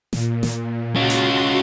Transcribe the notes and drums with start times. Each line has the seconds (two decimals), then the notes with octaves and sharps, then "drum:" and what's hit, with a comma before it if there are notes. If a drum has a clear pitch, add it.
0.13 A#2, drum: snare
0.43 drum: snare
0.96 C#4 F4 F#4 C6
1.10 drum: hi-hat